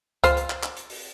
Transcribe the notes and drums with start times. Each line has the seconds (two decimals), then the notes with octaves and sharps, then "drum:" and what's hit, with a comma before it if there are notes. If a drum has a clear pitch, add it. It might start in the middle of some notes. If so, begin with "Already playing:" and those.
0.24 F4 C5, drum: kick C#2, hi-hat
0.37 drum: hi-hat
0.50 drum: clap
0.63 drum: clap
0.76 drum: hi-hat
0.90 drum: open hi-hat